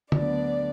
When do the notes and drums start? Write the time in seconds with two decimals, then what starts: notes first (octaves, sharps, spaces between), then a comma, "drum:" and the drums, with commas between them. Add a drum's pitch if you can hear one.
0.12 D2 D3 F#3 B3 D4 D5, drum: tom C#3